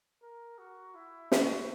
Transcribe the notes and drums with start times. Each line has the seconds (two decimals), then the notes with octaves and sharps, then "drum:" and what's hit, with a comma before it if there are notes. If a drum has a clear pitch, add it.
0.22 A#4
0.58 F#4
0.95 E4
1.32 F#4, drum: snare